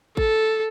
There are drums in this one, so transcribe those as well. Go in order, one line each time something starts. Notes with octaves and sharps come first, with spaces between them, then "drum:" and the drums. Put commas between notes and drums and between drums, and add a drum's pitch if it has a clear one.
A4, drum: kick G#1